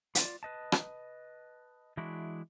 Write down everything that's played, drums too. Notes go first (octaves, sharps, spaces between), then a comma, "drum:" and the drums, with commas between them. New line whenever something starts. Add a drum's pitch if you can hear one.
F4 D5, drum: hi-hat
B4 D#5 A5
drum: rim click
E3 G#3 D4 E4 F#4